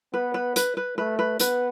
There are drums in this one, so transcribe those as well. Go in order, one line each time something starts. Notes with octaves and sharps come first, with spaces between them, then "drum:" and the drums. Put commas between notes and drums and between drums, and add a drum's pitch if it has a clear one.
B3 B4
B4
B4, drum: hi-hat
B4
A3 B4
B4
B3 B4, drum: hi-hat